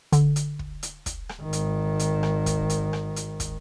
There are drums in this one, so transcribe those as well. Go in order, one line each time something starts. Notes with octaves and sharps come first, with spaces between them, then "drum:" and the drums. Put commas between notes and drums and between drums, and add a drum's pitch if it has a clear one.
D3, drum: kick, hi-hat
drum: hi-hat
drum: kick
drum: hi-hat
drum: kick, hi-hat
drum: rim click
G#1 D#3
drum: hi-hat
drum: hi-hat
drum: rim click
drum: kick, hi-hat
drum: hi-hat
drum: rim click
drum: hi-hat
drum: kick, hi-hat